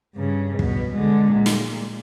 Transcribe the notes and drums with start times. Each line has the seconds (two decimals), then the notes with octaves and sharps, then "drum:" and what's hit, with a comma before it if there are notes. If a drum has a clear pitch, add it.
0.16 G2 C#3
0.59 B2, drum: kick
0.94 D3 G#3
1.32 A#2
1.46 drum: snare